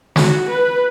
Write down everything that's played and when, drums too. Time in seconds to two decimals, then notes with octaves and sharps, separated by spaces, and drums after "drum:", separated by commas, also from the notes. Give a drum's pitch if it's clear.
0.16 F#4, drum: snare
0.49 B4